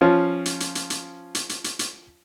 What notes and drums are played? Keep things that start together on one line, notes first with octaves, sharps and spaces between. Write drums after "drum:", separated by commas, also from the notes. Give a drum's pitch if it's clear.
F3 C#4 F4
drum: hi-hat
drum: hi-hat
drum: hi-hat
drum: hi-hat
drum: hi-hat
drum: hi-hat
drum: hi-hat
drum: hi-hat